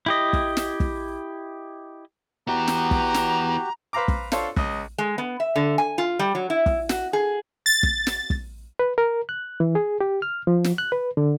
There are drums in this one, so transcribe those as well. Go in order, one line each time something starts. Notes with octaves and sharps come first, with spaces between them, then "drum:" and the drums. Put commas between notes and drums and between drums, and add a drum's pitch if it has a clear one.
E4 G4 D#5
drum: kick
drum: snare
drum: kick
B3 E4 F#4 G4 A#5
drum: snare
drum: kick
drum: snare
B4 C5 F5 A#5 D6
drum: kick
D4 F4 A4 C5 C#5, drum: snare
C#2 D#5, drum: kick
G#3
B3
E5
D3
G#5
F4
G3
F#3
E4
drum: kick
F#4, drum: snare
G#4
A6
drum: kick
drum: snare
drum: kick
B4
A#4
F#6
E3
G#4
G4
F6
F3
drum: snare
F#6
B4
D3